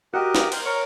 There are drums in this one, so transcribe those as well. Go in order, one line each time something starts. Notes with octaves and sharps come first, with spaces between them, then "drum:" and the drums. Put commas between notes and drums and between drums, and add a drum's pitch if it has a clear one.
F#4 G4 A#4 D#5
drum: snare
A#4 C5 F#6, drum: cymbal
A#4 C#5